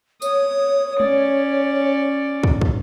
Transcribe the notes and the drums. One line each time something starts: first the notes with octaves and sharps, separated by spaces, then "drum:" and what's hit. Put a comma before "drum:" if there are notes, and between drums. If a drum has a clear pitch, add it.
C#5 D#6, drum: tambourine
C#4 D5, drum: tom
drum: kick
drum: kick